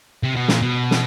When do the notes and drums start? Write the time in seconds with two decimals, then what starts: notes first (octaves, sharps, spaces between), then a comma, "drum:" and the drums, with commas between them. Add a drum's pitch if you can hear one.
0.23 C3
0.36 B2
0.48 A#2, drum: snare
0.62 B2
0.91 drum: snare